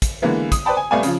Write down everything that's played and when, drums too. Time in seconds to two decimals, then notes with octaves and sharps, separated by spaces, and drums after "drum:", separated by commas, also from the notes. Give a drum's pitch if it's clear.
0.02 drum: kick, hi-hat
0.22 D3 E3 G#3 A#3 B3
0.52 D#6, drum: kick, hi-hat
0.65 B4 C5 D5 G5 A5 B5
0.77 G#5
0.91 C2 A3 B3 D5 F5 G#5
1.03 C#3 F3, drum: hi-hat